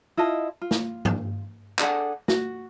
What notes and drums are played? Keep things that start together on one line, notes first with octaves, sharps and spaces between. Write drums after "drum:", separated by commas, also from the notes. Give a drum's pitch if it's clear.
E4 F4 D#5 A5
F4
drum: snare
drum: tom G2
D4 G#4 A4 F#5, drum: clap
F#4, drum: snare